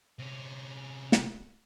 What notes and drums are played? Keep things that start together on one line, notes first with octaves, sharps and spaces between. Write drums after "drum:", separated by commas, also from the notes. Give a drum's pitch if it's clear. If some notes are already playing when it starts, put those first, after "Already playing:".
C3 C#4
drum: snare